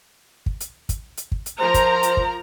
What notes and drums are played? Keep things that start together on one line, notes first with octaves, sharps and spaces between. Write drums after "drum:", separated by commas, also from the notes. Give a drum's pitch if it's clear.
drum: kick
drum: hi-hat
drum: kick, hi-hat
drum: hi-hat
drum: kick
drum: hi-hat
F3 A#4 C5 A#5
drum: kick, hi-hat
drum: hi-hat
drum: kick